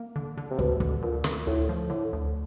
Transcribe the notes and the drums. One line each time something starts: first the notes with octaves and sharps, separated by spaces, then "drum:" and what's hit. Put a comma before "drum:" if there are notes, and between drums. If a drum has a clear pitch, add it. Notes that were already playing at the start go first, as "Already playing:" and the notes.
Already playing: A#3
D3
D3
C3
D2 B2, drum: kick
D3, drum: kick
D2 A#2
D3, drum: snare
D2 A2
F3
A2 D3
D2